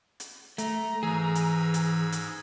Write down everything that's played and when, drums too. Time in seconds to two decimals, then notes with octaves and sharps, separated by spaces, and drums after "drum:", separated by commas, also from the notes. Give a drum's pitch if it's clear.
0.20 drum: hi-hat
0.58 A3 A#5, drum: hi-hat
1.03 G#2 E3 G#4 E6 G#6
1.35 drum: hi-hat
1.74 drum: hi-hat
2.12 drum: hi-hat